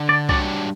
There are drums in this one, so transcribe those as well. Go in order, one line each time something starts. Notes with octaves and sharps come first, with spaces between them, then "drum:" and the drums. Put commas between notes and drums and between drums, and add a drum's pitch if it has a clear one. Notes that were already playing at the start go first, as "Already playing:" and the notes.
Already playing: D3
D5
G3 D4 F#4 C#5 D5, drum: kick